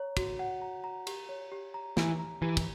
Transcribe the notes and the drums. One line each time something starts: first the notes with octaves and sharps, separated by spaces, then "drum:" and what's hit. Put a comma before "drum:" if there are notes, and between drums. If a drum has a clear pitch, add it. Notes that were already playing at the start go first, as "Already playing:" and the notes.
Already playing: C#5 A#5
F#4, drum: kick, cymbal
F#5
A#5
A#5
G4, drum: cymbal
C#5
G4
A#5
E3 G4, drum: snare
A#5
E3 G4
drum: kick, cymbal